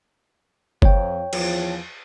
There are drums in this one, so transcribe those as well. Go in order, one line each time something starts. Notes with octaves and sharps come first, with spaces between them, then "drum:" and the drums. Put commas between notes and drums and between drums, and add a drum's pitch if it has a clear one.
F2 C#5 G5, drum: kick G1
E2 F3, drum: cymbal